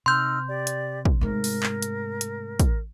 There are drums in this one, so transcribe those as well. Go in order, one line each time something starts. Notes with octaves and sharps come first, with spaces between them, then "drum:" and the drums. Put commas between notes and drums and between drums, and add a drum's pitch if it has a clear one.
C3 D#4 C6 E6 F6 G6
G4 D5
drum: hi-hat
drum: kick
G#2 A3 A#4
drum: open hi-hat
drum: clap
drum: hi-hat
drum: hi-hat
drum: kick, hi-hat